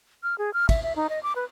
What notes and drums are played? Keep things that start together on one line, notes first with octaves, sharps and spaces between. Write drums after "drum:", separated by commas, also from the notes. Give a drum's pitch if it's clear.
F6
G#4
F6
E5, drum: kick, cymbal
E5
D#4
D#5
D6
B4